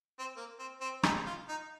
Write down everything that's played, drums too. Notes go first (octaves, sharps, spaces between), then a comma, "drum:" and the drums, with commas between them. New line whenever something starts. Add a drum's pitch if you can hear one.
C4
A#3
C4
C4
D#4, drum: rim click
F4
D#4